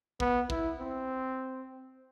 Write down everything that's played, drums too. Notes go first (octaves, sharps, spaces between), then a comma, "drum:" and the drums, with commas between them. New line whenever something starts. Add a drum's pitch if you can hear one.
B3, drum: kick
E4, drum: kick
C4